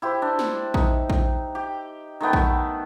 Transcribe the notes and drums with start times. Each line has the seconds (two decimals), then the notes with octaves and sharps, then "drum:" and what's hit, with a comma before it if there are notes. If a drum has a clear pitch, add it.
0.02 E4 G4 C5
0.22 D4
0.39 drum: snare
0.74 D#4, drum: kick A#1
1.10 drum: kick A#1
1.55 G4
2.21 D#3 A3 B3 G5
2.33 drum: kick A#1